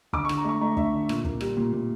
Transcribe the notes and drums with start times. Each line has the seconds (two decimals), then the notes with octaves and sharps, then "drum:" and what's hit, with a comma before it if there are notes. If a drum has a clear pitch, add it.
0.13 D3 D6, drum: kick
0.25 C#6
0.29 D3, drum: rim click
0.37 A#5
0.45 A3 C#6
0.61 A3 A#5
0.77 D3 E5, drum: kick
0.93 D3
1.09 A#2, drum: rim click
1.24 A#3, drum: kick
1.41 G3, drum: rim click
1.57 A#2
1.72 A#2